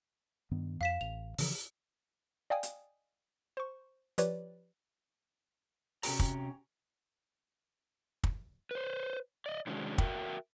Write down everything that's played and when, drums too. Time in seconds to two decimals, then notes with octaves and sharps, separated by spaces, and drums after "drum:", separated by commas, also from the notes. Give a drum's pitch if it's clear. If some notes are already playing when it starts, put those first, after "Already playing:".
0.51 G2 D#3 B3
0.81 F2 F5 B6 E7
1.01 A1 F7
1.38 C#3 E3 F3, drum: open hi-hat
2.50 D5 D#5 F5 G5 G#5 D#6
2.63 drum: hi-hat
3.57 C5 C#6
4.18 F3 G4 B4 C#5 D5, drum: hi-hat
6.03 C3 C#4 F#4 A4 G5 A#5, drum: open hi-hat
6.19 drum: kick
8.24 drum: kick
8.71 B4 C5
9.46 D5 D#5
9.67 C3 D#3 G#3 C#4 D4 F#4
9.98 F#4 A#4 E5 G5, drum: kick